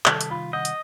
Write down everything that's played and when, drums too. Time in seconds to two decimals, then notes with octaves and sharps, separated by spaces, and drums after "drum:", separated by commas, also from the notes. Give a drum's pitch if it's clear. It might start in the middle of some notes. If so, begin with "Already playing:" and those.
0.06 C3 D#3 G3 A4 B6, drum: clap
0.21 drum: hi-hat
0.30 F4 B5
0.53 D#5 F#5 G6
0.65 drum: hi-hat